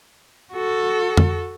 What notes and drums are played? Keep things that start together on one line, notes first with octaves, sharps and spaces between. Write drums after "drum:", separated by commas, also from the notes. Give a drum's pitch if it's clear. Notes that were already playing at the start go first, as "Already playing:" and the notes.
F#4 A4
drum: tom